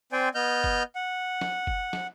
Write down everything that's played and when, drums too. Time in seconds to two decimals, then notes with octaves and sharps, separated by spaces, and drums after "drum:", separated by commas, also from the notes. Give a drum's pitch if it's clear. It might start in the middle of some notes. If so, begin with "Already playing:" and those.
0.12 C4 C5 D5 G5 G#5
0.35 B3 D#5 F6 G6
0.64 drum: kick F#1
0.95 F#5
1.41 drum: snare
1.67 drum: kick F#1
1.93 drum: snare